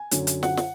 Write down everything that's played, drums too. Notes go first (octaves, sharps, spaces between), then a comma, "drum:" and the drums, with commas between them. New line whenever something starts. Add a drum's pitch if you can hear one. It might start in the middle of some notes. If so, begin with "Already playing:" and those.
Already playing: G#5
F#2 D3 F#3, drum: hi-hat
drum: hi-hat
F#5, drum: snare
drum: snare